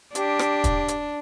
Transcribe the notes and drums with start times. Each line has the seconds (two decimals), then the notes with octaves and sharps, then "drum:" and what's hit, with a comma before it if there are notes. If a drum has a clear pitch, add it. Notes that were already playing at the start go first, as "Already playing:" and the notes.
0.15 D4 G4, drum: hi-hat
0.39 drum: rim click
0.64 drum: kick, hi-hat
0.88 drum: hi-hat